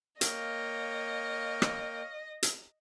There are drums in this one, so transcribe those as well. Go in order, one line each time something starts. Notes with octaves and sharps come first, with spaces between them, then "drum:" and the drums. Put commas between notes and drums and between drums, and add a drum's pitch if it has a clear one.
A#3 C#5 D#5 F5 G5, drum: hi-hat
drum: rim click
drum: hi-hat